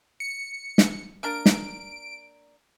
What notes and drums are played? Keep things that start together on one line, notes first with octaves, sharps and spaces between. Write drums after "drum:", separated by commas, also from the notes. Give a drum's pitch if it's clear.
C#7
drum: snare
A#3 D4 A#4 D7
drum: snare